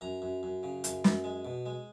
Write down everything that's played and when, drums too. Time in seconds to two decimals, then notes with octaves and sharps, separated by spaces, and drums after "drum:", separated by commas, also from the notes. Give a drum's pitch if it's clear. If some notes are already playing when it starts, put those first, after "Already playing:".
0.01 F#2 A#5
0.22 F#2
0.43 F#2
0.63 C#3
0.84 F#2, drum: hi-hat
1.04 F#2, drum: snare
1.24 G#3
1.45 B2
1.66 G#3